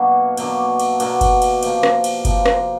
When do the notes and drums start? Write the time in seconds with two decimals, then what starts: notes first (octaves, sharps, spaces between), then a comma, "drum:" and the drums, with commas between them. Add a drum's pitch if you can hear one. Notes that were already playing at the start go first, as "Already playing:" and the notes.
Already playing: B2 F#3 A#3 D4
0.37 B2 F#3 A#3 D4, drum: cymbal
0.80 drum: cymbal
1.00 B2 F#3 A#3 D4, drum: cymbal
1.21 drum: kick F#1, cymbal
1.42 drum: cymbal
1.63 C3 F3 A#3, drum: cymbal
1.83 drum: rim click
2.04 drum: cymbal
2.25 C3 F3 A#3, drum: kick F#1, cymbal
2.46 drum: rim click